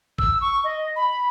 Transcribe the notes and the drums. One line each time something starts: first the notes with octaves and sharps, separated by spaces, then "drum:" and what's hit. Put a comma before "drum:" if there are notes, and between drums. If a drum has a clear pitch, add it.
E6, drum: kick
C#6
D#5
B5